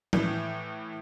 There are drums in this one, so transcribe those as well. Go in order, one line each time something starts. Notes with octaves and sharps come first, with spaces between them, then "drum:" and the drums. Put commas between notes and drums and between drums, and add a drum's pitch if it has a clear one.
A2 E3 G6, drum: tom F3